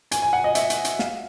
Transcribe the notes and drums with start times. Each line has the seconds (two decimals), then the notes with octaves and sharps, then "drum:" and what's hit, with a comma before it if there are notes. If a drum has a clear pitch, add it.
0.11 G#5, drum: hi-hat
0.22 G#5
0.33 F#5
0.44 D#5
0.55 E5, drum: hi-hat
0.70 drum: hi-hat
0.85 drum: hi-hat
0.99 F5, drum: snare